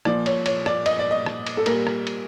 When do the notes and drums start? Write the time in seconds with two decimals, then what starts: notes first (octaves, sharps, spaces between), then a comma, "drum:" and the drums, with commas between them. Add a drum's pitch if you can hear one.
0.05 A#2 F3 D5, drum: rim click
0.26 C#5, drum: cymbal
0.46 C#5, drum: cymbal
0.66 D5, drum: rim click
0.86 D#5, drum: cymbal
0.99 D5
1.11 D#5
1.26 drum: rim click
1.47 drum: cymbal
1.57 A4
1.66 A#2 G3 A#4, drum: cymbal
1.87 drum: rim click
2.07 drum: cymbal